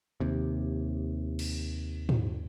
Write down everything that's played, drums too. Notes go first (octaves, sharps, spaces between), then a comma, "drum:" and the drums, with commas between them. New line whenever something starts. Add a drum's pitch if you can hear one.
D#2 C3
drum: cymbal
drum: tom